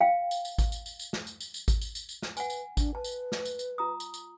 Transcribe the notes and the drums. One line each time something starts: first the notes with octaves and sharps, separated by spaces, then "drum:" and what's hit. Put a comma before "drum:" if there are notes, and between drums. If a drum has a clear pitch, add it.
F5 G5
drum: tambourine
drum: tambourine
drum: kick G#1, tambourine
drum: tambourine
drum: tambourine
drum: tambourine
drum: snare
drum: tambourine
drum: tambourine
drum: tambourine
drum: kick G#1, tambourine
drum: tambourine
drum: tambourine
drum: tambourine
drum: snare
B4 F#5 G#5, drum: tambourine
drum: tambourine
D4, drum: kick G#1, tambourine
B4 A5
drum: tambourine
drum: snare
drum: tambourine
drum: tambourine
F4 A#5 D#6
drum: tambourine
drum: tambourine